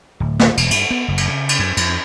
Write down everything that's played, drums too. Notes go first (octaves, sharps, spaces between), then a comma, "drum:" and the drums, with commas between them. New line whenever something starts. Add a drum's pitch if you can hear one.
D1
drum: snare
E1, drum: cymbal
G2, drum: cymbal
B3
F#1
drum: cymbal
C#3
drum: cymbal
F#2
F2, drum: cymbal